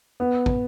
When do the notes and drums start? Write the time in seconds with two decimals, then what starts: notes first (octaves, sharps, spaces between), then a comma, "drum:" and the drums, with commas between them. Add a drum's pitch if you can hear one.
0.20 B3
0.46 drum: kick